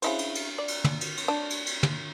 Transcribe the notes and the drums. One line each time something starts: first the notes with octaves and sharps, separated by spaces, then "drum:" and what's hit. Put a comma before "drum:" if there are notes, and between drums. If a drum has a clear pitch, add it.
C#3 E4 C5, drum: cymbal
drum: cymbal
drum: cymbal
D5
drum: cymbal
drum: tom
drum: cymbal
drum: cymbal
D4
drum: cymbal
drum: cymbal
drum: tom